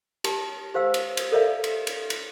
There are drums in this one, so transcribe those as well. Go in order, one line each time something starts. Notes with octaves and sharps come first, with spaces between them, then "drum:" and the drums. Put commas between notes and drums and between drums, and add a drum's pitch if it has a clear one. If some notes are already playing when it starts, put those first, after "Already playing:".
G4 A5, drum: cymbal
G4 C5 F5 E6
drum: cymbal
drum: cymbal
A4 A#4 C#5 D5 E5 F5
drum: cymbal
drum: cymbal
drum: cymbal